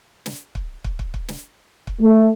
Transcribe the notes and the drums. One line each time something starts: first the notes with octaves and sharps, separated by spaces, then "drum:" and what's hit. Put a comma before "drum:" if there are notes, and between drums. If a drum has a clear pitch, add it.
drum: snare
drum: kick
drum: kick
drum: kick
drum: kick
drum: snare
drum: kick
A3